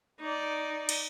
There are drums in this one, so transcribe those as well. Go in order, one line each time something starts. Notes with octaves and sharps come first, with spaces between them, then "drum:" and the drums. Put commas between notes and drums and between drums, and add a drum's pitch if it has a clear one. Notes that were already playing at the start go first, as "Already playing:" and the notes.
D#4 D5
drum: cymbal